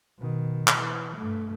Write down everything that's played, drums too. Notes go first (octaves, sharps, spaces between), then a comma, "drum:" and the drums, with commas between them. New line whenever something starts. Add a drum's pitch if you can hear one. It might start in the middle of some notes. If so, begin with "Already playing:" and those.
B2 D#3
drum: clap
E3
G2 A3